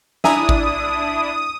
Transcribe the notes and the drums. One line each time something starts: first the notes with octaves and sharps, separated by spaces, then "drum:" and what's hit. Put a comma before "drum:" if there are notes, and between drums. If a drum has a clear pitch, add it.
D4 E4 E5 G#5 A#5 D#6, drum: snare
drum: kick G#1